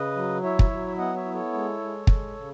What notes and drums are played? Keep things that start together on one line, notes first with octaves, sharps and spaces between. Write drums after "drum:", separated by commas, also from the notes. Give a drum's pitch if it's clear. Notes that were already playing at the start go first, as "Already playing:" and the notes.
Already playing: C#3 B4 D#5
F#3
E4 C#5 E5
drum: kick
F#3
E5
B3 D#5 F#5
C#5 E5
E4
A4 C#5
G#3
G#3
G#3, drum: kick
C#3